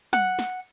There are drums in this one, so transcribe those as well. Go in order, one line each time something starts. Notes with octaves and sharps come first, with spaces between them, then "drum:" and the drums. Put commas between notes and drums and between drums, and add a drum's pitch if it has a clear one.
F#5, drum: tom
drum: snare